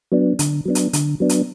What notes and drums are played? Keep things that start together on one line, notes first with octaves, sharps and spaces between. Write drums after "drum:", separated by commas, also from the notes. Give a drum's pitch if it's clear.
F#3 B3 D4
D3, drum: hi-hat
F#3 B3 D4
drum: hi-hat
D3, drum: hi-hat
F#3 B3 D4
drum: hi-hat